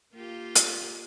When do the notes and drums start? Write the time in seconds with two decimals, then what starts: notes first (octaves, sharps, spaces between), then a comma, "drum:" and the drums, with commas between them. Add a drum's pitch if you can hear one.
0.15 A#3 F4 G4
0.55 drum: hi-hat